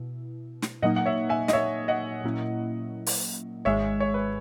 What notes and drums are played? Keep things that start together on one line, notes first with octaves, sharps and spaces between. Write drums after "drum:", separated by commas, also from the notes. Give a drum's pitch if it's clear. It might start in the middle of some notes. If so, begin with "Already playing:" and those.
Already playing: B2 E4
drum: snare
A#2 F#3 A#3 D#4 D#5 F#5
F#5
C#5 E5
E5 G#5
D#5, drum: snare
C#5 E5
D#5 F#5
A#2 F#3 A#3 C#4 E4
drum: open hi-hat
G#1 G#2 D#3 G#3 C#5 E5
C#5
B4